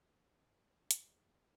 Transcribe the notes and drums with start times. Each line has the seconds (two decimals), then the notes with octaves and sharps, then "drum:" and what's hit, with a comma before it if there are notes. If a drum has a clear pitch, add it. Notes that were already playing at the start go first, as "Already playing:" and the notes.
Already playing: A#3
0.54 C2 A#2 A3
0.91 A#3, drum: hi-hat
1.26 C4